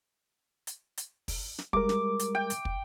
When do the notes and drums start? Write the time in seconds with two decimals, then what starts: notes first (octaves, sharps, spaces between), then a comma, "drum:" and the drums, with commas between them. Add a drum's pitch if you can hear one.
0.67 drum: hi-hat
0.97 drum: hi-hat
1.28 drum: kick, open hi-hat
1.58 drum: snare
1.73 G3 G#3 A#4 D6, drum: kick
1.89 drum: snare
2.19 drum: hi-hat
2.35 G5
2.50 drum: hi-hat
2.65 drum: kick